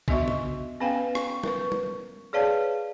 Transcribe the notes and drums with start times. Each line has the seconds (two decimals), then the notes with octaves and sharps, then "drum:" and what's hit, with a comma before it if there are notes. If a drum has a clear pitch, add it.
0.08 B3 D4 F#4 D#5 E5 C#6, drum: kick A#1
0.28 drum: tom C#3
0.80 B3 C#4 B4 F5 G5 G#5
1.15 C#6, drum: rim click
1.44 A#4 B4 C#6, drum: tom
1.72 drum: tom
2.33 G#4 B4 C#5 D5 F5 A5